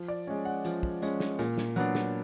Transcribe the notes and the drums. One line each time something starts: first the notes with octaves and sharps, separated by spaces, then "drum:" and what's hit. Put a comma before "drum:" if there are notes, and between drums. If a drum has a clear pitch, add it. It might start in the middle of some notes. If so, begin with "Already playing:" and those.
Already playing: F3
D5
G#3 C#4
F#5
F3, drum: hi-hat
drum: kick
G#3 C#4, drum: hi-hat
drum: snare
A#2, drum: hi-hat
drum: snare
F#3 B3 D4, drum: hi-hat
drum: snare